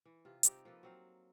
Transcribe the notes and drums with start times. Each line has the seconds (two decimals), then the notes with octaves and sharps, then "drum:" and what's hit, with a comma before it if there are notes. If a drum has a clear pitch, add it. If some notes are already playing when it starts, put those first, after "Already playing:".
0.05 E3
0.25 C3 F4
0.43 C4 D#4 G4, drum: hi-hat
0.65 F3 A#3 A4 B4
0.83 F#3 C4 F5